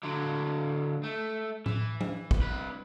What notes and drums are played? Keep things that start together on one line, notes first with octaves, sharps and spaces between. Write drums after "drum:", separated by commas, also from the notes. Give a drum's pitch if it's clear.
D3 F#3
A3
E3, drum: tom A2
drum: tom F#3
drum: kick
C2 B4